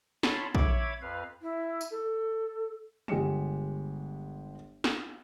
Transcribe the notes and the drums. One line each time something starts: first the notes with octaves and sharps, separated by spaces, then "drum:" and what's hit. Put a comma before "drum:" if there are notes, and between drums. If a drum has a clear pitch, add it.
C#5 A5 B5 C6, drum: snare
C#5 E5 B5 D6 G#6, drum: kick A#1
F2 B4 F5
E4
drum: tambourine
A4
G1 G#3 G4 C#7 E7, drum: tom
drum: snare